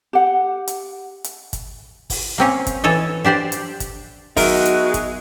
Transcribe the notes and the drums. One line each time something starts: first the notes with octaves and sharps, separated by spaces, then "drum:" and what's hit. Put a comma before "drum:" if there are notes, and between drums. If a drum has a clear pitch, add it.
G4 F#5
drum: hi-hat
drum: hi-hat
drum: kick, hi-hat
drum: kick, open hi-hat
A#3 C4 C#4
drum: kick, hi-hat
E3 A4 C#5 D#5
D4 G4 C5 D5
drum: hi-hat
drum: kick, hi-hat
F#3 G#3 B3 D#4 F#4 A#4 E5, drum: kick, open hi-hat
drum: hi-hat
drum: kick, hi-hat